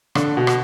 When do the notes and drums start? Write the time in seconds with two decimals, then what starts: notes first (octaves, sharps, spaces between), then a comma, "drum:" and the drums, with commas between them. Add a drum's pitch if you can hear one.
0.15 D3, drum: rim click
0.37 B2
0.47 drum: rim click